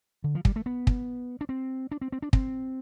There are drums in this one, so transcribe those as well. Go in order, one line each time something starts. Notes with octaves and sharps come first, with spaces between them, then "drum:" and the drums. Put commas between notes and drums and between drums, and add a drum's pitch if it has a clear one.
D3
F3
G3, drum: kick
A3
B3
drum: kick
D4
C4
D4
C4
C4
D4
C4, drum: kick